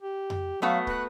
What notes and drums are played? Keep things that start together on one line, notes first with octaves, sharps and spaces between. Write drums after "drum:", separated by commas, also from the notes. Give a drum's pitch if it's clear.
G4
drum: tom F2
F#3 A3 B3 F#4 F5
B4 F#5, drum: kick